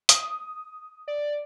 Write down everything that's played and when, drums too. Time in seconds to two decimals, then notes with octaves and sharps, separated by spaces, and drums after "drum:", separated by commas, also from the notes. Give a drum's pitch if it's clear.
0.09 D#6, drum: hi-hat
1.08 D5